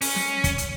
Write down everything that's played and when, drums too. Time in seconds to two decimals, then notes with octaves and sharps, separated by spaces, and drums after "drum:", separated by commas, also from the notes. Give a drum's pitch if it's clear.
0.01 C#4, drum: open hi-hat
0.16 drum: snare
0.44 drum: kick, hi-hat
0.58 drum: hi-hat